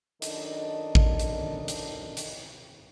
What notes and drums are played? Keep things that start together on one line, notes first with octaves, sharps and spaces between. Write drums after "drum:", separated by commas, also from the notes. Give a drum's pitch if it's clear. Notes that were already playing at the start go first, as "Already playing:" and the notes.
F#2 D#3 D4 A4 D#5, drum: hi-hat
drum: kick
drum: hi-hat
drum: hi-hat
drum: hi-hat